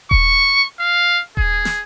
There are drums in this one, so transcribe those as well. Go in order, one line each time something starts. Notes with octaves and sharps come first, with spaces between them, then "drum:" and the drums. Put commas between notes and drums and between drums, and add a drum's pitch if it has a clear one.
C#6, drum: kick D#1
F5
G#4, drum: kick D#1
drum: snare